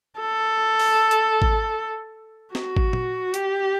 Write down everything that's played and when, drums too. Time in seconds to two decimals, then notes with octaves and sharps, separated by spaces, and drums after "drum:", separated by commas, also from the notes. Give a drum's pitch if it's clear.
0.20 A4
0.79 drum: open hi-hat
1.11 drum: hi-hat
1.42 drum: kick G#1
2.55 F#4, drum: snare
2.77 drum: kick G#1
2.93 drum: tom A#2
3.34 G4, drum: hi-hat